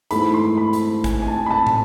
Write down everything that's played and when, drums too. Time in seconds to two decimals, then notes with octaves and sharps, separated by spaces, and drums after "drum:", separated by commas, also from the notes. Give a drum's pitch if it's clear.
0.11 G#2 E3 A3 B5, drum: hi-hat
0.34 C6
0.57 B5
0.73 drum: hi-hat
1.04 G#5, drum: kick, hi-hat
1.22 G#5
1.28 A5
1.46 B5
1.51 A5
1.67 drum: tom